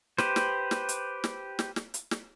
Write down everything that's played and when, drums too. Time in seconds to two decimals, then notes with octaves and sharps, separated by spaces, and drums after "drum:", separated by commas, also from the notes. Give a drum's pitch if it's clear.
0.18 G4 B4 C5, drum: snare
0.36 drum: snare
0.71 drum: snare
0.89 drum: hi-hat
1.24 drum: snare
1.59 drum: snare
1.76 drum: snare
1.94 drum: hi-hat
2.11 drum: snare